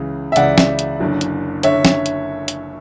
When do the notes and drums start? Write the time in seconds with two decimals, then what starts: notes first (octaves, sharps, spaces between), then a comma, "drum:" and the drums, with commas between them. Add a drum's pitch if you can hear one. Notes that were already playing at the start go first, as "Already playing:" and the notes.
Already playing: C#2 C#3 E3
0.32 E5
0.36 C#2 C#3 E3 D5 F#5, drum: hi-hat
0.58 drum: snare
0.79 drum: hi-hat
1.00 F#1 F#2 D3
1.21 drum: hi-hat
1.63 D3 C#5 E5, drum: hi-hat
1.85 drum: snare
2.06 drum: hi-hat
2.48 drum: hi-hat